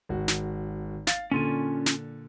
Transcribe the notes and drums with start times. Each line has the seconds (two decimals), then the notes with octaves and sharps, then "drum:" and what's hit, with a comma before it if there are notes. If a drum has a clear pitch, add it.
0.09 G#1 F#4
0.28 drum: snare
1.07 F5 A6, drum: snare
1.31 A#2 D3 C#4 F4 G#5
1.86 drum: snare